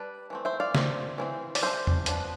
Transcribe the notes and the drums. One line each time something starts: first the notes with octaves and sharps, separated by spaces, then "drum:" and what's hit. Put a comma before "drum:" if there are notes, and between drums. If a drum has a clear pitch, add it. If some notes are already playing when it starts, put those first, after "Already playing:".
Already playing: G3 D4 B4 D5
E3 A3 C4
C5 E5
D5 F5
G3 C4, drum: snare
E3 G3 C4
D5, drum: open hi-hat
G3 D4 C5 E5
drum: tom E2
F3 B3 D4, drum: hi-hat